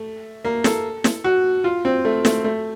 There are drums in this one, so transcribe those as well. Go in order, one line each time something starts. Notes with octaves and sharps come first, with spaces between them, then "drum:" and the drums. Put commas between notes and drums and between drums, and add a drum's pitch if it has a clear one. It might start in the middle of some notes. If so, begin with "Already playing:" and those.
Already playing: A3
A#3
A4, drum: snare
drum: snare
F#4
F4
C4
A3
A3, drum: snare
A3